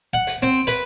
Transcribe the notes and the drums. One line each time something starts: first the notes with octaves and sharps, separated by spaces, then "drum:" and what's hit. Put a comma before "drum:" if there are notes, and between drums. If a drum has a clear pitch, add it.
F#5
drum: hi-hat
C4
B4, drum: hi-hat